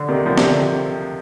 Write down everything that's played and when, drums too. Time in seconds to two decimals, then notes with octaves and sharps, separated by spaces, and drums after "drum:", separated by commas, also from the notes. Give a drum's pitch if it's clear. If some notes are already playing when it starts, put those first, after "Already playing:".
Already playing: D3
0.09 C3 D#3
0.26 D3 F3
0.38 C3, drum: snare
0.43 D3